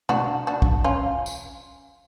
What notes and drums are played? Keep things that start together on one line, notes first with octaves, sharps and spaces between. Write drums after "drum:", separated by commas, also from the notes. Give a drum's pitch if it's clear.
D4 F#4, drum: tom B2
D4 F#4
drum: kick
C#4 F4
drum: tambourine